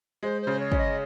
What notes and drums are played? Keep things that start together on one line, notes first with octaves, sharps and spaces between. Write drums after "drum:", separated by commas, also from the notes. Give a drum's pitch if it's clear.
G#3 C5
C5
C#3
C#5
C#4, drum: kick
D#5